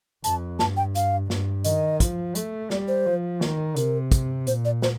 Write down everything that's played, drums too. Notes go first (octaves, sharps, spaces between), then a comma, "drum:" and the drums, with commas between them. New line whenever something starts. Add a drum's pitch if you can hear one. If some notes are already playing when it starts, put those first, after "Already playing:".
F2 A5, drum: hi-hat
G2 A5, drum: snare
G5
F5, drum: hi-hat
G2, drum: snare
D#3 D#5, drum: hi-hat
F3, drum: kick, hi-hat
A3, drum: hi-hat
G3 D5, drum: snare
C5
F3
D#3, drum: snare
C3 A#4, drum: hi-hat
drum: kick, hi-hat
A#2 C5, drum: hi-hat
D5
C5, drum: snare